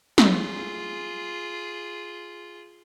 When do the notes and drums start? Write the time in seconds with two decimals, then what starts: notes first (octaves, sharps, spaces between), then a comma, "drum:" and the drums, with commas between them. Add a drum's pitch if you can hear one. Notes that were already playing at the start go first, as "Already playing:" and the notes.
0.18 F4 G#4, drum: snare